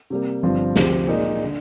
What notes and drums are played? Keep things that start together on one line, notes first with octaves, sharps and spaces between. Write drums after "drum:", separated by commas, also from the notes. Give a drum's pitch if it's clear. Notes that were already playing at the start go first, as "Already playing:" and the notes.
C3 G3 A#3
G1 G2 F3 C4 F4
D2 C3 F3 C4 G4, drum: snare
A#2 G#3 D#4 A#4 D5
D3